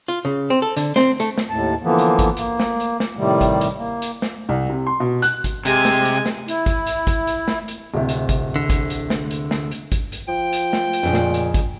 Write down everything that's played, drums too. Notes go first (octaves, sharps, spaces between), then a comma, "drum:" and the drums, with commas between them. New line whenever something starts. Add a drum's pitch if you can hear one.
F4
C#3
C4
A4
D3, drum: hi-hat
C4, drum: snare
A3, drum: hi-hat
drum: snare
D#2 A2 A5
D3 E3 F3 A#3 B3
drum: hi-hat
drum: kick G#1, hi-hat
A#3, drum: hi-hat
drum: snare
drum: hi-hat
drum: snare
A2 C3 D#3 G3
drum: kick G#1, hi-hat
drum: hi-hat
A#3
drum: hi-hat
drum: snare
C2
C3
C6
B2
F#6, drum: hi-hat
drum: kick G#1, hi-hat
C3 G#3 G4 G#5, drum: hi-hat
drum: snare
drum: hi-hat
drum: snare
E4, drum: hi-hat
drum: kick G#1, hi-hat
drum: hi-hat
drum: kick G#1, hi-hat
drum: hi-hat
drum: snare
drum: hi-hat
D1 C3
drum: hi-hat
drum: kick G#1, hi-hat
D3
drum: kick G#1, hi-hat
drum: hi-hat
drum: snare
drum: hi-hat
drum: snare
drum: hi-hat
drum: kick G#1, hi-hat
drum: hi-hat
F3 G5
drum: hi-hat
drum: snare
drum: hi-hat
F2 A#2 C#3
drum: snare
drum: hi-hat
drum: kick G#1, hi-hat